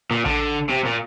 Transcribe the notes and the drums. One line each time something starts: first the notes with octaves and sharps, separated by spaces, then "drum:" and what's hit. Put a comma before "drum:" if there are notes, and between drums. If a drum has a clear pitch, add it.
A#2
D3, drum: kick A1
C3
A#2